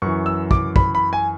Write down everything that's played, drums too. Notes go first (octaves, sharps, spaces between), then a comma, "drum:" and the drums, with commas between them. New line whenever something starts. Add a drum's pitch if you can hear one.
F#2 E3 C#6
E6
D6, drum: kick
B5, drum: kick
B5
G#5